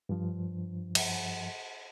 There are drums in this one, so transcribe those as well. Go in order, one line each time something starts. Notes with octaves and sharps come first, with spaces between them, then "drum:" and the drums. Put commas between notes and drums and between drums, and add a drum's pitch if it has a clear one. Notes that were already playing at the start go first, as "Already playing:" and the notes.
G2 F3
drum: cymbal